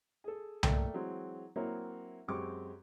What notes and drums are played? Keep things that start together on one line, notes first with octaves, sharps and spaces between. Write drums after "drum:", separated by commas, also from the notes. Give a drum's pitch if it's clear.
G#4 A4
A3 A#3 D5 G5, drum: tom C2
E3 F#3 G#3 C4
F#3 A#3 C4 E4 A#4 C#5
F#2 G#3 C4 G4 C#6 D6